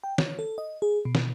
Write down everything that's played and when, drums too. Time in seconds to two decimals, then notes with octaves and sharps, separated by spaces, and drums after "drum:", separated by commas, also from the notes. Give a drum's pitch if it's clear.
0.04 G5
0.18 C#5, drum: snare
0.39 A4
0.58 D#5
0.82 G#4
1.05 B2
1.15 drum: snare